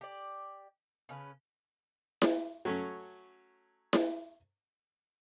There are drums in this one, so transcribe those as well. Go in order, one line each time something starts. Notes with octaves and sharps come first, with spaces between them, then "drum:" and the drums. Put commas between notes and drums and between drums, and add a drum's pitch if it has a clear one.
G4 D5
C#3 C#4 B4
drum: snare E4
F#3 A3 C#4
drum: snare E4